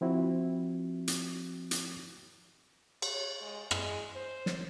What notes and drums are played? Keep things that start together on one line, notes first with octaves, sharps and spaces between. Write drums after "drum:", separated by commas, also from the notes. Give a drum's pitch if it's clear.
F3 C4 E4 F#4
drum: hi-hat
drum: hi-hat
C#5, drum: cymbal
G#3
G#3, drum: rim click
C5
drum: snare